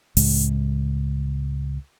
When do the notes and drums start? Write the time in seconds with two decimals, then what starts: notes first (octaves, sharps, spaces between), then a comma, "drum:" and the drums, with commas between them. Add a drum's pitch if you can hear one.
0.17 C#2 A2 C#3 G#3, drum: open hi-hat